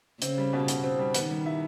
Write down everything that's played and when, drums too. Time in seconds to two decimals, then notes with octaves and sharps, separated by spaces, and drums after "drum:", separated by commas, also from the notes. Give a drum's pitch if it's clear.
0.22 C#3 C4, drum: hi-hat
0.38 G3
0.53 B2
0.68 B2, drum: hi-hat
0.84 C4
0.99 G3
1.14 D#3 B3, drum: hi-hat
1.30 G3
1.46 E4